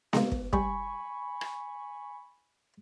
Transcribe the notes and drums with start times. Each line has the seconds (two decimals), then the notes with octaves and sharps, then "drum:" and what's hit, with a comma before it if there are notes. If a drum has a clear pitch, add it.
0.13 G#3 A#3, drum: snare B3
0.32 drum: kick
0.53 G3 G#5 B5 C#6, drum: kick
1.41 drum: rim click